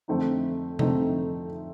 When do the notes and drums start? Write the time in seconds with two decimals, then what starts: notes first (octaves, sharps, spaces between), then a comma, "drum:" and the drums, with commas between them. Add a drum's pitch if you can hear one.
0.08 F2 D3 A3 C4 D#4
0.79 F2 D3 A3 C4 D#4, drum: tom C3